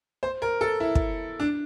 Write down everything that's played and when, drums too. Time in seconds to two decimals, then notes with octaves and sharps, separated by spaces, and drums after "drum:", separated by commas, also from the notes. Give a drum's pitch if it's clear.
0.23 C5
0.42 A#4
0.61 A4
0.80 E4
0.95 drum: kick
1.40 D4